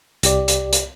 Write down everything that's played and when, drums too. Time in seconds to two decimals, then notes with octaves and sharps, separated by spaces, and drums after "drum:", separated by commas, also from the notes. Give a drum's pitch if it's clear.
0.23 C2 G4 D5, drum: hi-hat
0.48 drum: hi-hat
0.73 drum: hi-hat